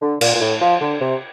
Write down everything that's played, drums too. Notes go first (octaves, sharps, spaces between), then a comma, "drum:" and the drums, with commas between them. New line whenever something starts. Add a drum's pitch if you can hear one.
D3
A#2, drum: cymbal
A#2
A2
F3
D3
C3